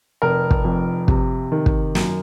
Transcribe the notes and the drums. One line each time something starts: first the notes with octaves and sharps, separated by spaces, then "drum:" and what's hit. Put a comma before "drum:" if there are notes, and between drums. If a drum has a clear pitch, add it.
F1 A#4
drum: kick
F2
C3, drum: kick
D#3
drum: kick
F#2, drum: snare